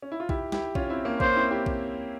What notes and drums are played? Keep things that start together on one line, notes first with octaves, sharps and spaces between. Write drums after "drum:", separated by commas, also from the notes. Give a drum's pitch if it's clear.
C#4
E4
F4
E4 G4, drum: kick A#1
E4 G4, drum: snare
C#4 F4, drum: kick A#1
C4 E4
A#3 C#4
A#3 C#4 C5, drum: kick A#1
C4 E4
E4 G4
drum: kick A#1